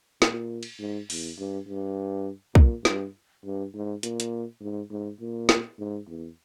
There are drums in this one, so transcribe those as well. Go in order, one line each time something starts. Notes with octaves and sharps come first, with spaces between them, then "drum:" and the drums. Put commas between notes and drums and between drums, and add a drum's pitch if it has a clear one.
A#2, drum: snare
drum: cymbal
G#2
E2, drum: open hi-hat
G2
G2
A#2, drum: kick
G2, drum: snare
G2
G#2
A#2, drum: hi-hat
drum: hi-hat
G#2
G#2
A#2
drum: snare
G#2
E2